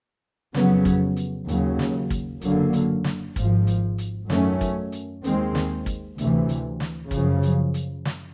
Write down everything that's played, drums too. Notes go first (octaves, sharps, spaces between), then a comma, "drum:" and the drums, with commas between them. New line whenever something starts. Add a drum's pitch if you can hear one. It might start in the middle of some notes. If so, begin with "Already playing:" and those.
F2 C#3 F#3 B3, drum: snare
drum: kick, hi-hat
drum: hi-hat
D#2 C#3 F#3, drum: hi-hat
drum: snare
drum: kick, hi-hat
F#1 F#2 D3 F#3 A#3, drum: hi-hat
drum: hi-hat
drum: snare
G#1 G#2 F3, drum: kick, hi-hat
drum: hi-hat
drum: hi-hat
F#2 D#3 F#3 A3 C#4, drum: snare
drum: kick, hi-hat
drum: hi-hat
D#2 D#3 G#3 C4, drum: hi-hat
drum: snare
drum: kick, hi-hat
D2 C3 E3, drum: hi-hat
drum: hi-hat
drum: snare
F#2 C#3 F3, drum: kick, hi-hat
drum: hi-hat
drum: hi-hat
drum: snare